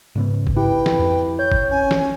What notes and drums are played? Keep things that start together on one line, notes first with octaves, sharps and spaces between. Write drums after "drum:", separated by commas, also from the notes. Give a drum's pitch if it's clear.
G#2 C#3 B3
drum: kick F#1
E4 G4 B4 G5
drum: snare
F2
C#5 G6
drum: kick F#1
C#4 G#5
drum: snare